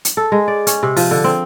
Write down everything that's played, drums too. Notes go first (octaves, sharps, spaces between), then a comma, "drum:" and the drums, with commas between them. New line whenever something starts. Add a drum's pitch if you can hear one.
drum: hi-hat
A4
G#3
D5
C#4, drum: hi-hat
C3
F3, drum: open hi-hat
D3
C4